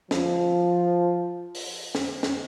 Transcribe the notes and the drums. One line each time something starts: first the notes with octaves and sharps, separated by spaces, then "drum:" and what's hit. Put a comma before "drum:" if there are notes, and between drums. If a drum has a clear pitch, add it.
F3, drum: snare
drum: open hi-hat
drum: snare
drum: snare